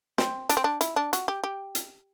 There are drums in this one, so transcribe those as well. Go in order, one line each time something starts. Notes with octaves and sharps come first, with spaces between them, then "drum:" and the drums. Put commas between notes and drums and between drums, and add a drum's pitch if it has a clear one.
C4, drum: snare
D4, drum: hi-hat
C4
D4
E4, drum: hi-hat
D4
F#4, drum: hi-hat
G4
G4
drum: hi-hat